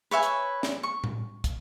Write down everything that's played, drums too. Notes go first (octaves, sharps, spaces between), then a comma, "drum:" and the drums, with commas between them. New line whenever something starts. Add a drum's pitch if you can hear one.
B4 C#5 E5 G#5
drum: hi-hat
drum: snare
C#6
drum: tom A2
drum: kick, hi-hat